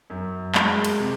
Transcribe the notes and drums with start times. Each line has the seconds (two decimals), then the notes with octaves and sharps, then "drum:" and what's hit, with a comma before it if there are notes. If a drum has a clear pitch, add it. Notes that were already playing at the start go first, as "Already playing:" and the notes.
0.10 F#2
0.55 G#3, drum: clap
0.84 drum: cymbal
1.00 C3